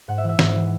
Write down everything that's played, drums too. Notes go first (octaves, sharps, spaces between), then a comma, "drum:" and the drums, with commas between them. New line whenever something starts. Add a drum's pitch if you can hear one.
G#2 F#5
E5
E3
E5
G#2, drum: snare
E3